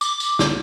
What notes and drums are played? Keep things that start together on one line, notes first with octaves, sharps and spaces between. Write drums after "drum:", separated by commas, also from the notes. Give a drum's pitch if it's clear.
D6, drum: tambourine
drum: tambourine
drum: snare